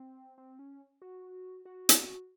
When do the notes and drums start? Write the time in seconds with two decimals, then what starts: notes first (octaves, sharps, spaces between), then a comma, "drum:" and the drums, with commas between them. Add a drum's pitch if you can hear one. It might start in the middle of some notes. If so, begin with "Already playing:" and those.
Already playing: C4
0.38 C4
0.59 C#4
1.02 F#4
1.65 F#4
1.89 drum: hi-hat